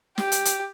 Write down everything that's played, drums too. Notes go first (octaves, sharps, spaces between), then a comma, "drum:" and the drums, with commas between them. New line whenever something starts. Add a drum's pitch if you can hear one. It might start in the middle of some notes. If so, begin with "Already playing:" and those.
G4, drum: snare
drum: hi-hat
drum: hi-hat